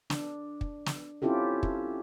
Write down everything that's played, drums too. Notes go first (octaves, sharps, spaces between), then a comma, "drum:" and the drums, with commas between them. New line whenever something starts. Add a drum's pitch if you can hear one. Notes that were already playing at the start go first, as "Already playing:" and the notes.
D4, drum: snare
drum: kick
drum: snare
C4 C#4 E4 F4 G4 A4
drum: kick